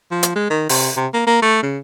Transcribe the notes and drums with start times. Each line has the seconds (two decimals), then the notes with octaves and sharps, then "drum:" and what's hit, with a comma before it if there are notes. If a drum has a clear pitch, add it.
0.11 F3
0.23 drum: hi-hat
0.35 G#3
0.50 D#3
0.69 C3, drum: open hi-hat
0.96 C3
1.14 A#3
1.27 A#3
1.42 A3
1.63 C#3